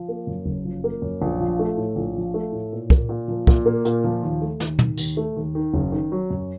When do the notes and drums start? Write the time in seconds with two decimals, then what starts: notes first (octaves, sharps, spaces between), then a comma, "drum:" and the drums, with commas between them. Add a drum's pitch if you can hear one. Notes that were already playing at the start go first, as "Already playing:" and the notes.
Already playing: F3
0.09 A#3
0.27 F#2
0.45 F#1
0.65 F3
0.84 A#3
1.02 F#2
1.22 A#1
1.40 F3
1.59 A3
1.77 A2
1.96 A#1
2.16 F3
2.34 A3
2.52 A2
2.72 A#2
2.90 A#3, drum: kick
3.09 A#2
3.28 F3
3.47 A#2, drum: kick
3.66 A#3
3.85 A#2, drum: hi-hat
4.04 F3
4.23 D#2
4.42 A3
4.60 D#2, drum: snare
4.79 D#3, drum: tom
4.98 D#2, drum: tambourine
5.17 A3
5.36 D#2
5.55 D#3
5.74 F#1
5.92 D#3
6.12 F#3
6.30 F#2